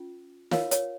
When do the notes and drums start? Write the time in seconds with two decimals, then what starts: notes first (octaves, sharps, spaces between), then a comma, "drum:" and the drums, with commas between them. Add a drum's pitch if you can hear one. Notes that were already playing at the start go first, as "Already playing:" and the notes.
Already playing: C#4 F4
0.51 F4 A#4 C#5 F5, drum: snare
0.71 C#5, drum: hi-hat